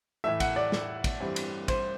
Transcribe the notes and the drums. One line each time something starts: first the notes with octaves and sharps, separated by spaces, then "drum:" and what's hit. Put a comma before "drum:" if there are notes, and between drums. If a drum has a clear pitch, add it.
A2 E3 A3 E5
F#5, drum: kick, cymbal
D5
drum: snare
drum: kick, cymbal
G2 E3 G3 C4
drum: cymbal
C5, drum: kick, cymbal